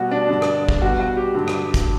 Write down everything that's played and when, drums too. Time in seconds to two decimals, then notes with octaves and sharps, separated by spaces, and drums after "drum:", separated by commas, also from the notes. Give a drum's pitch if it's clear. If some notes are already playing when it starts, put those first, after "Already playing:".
Already playing: B2 G3 F#4
0.11 D4
0.29 G2 D3 G3
0.42 drum: rim click
0.69 drum: kick
0.82 B2 G3 F#4
1.00 F#4
1.17 G4
1.35 G2 D3 F#3
1.48 drum: rim click
1.74 drum: kick, hi-hat